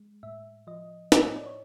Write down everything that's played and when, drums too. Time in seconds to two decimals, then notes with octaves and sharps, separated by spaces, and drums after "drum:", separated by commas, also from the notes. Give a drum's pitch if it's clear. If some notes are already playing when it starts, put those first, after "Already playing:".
Already playing: G#3
0.23 A2 E5
0.67 F3 D#5
1.12 A2 C#5, drum: snare
1.25 D#5
1.36 D5
1.46 C#5